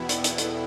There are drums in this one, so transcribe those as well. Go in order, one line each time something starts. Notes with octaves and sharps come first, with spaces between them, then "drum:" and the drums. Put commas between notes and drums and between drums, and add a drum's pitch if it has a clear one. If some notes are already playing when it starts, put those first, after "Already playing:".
Already playing: E2 B2 B3 E4 G5 B5
D5, drum: hi-hat
D5, drum: hi-hat
A4, drum: hi-hat